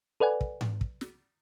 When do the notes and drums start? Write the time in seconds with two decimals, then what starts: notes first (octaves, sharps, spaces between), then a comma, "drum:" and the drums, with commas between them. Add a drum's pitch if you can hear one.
0.20 A4 B4 D5 F#5 G#5
0.41 drum: kick
0.61 drum: tom G#2
0.81 drum: kick
1.01 drum: snare